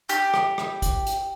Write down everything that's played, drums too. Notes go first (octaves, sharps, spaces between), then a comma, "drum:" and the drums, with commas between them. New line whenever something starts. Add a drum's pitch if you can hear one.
G4, drum: hi-hat
drum: rim click
drum: rim click
drum: kick, hi-hat
drum: hi-hat